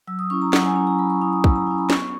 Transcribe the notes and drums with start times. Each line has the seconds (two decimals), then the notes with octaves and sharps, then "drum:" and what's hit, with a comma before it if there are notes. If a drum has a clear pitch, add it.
0.07 F#3 E6
0.19 D#6
0.30 C#4 E4 C#6
0.42 A#5
0.53 F#3 F#5, drum: snare
0.64 G#5
0.75 C#4 E4 A#5
0.87 A#5
0.99 F#3 B5
1.10 C#6
1.21 C#4 E4 D#6
1.33 D#6
1.44 F#3 E6, drum: kick
1.56 A#5
1.67 C#4 E4 G#5
1.78 B5
1.90 B3 C#6, drum: snare